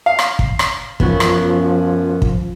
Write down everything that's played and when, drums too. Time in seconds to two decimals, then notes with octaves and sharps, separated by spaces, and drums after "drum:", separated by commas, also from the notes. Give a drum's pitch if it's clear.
0.06 F5
0.19 drum: rim click
0.39 drum: kick
0.59 drum: rim click
1.00 F#2 F3 B3 C#4 F#4, drum: kick
1.20 drum: rim click
2.22 drum: kick